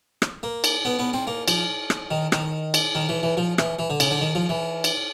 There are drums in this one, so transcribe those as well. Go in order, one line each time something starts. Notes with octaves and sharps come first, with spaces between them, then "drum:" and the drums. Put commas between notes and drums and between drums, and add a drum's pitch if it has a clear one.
drum: rim click
A#3
drum: cymbal
B3
B3
C4
A#3
F3, drum: cymbal
drum: rim click
D#3
D#3, drum: rim click
drum: cymbal
D#3
E3
E3
F3
E3, drum: rim click
E3
D3
C#3, drum: cymbal
D3
D#3
F3
E3
drum: cymbal